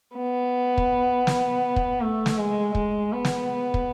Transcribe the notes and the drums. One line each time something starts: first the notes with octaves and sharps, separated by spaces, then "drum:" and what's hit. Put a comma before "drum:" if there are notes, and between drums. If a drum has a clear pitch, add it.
B3
drum: kick
drum: snare
drum: kick
A3
drum: snare
G#3
G#3, drum: kick
B3
drum: snare
drum: kick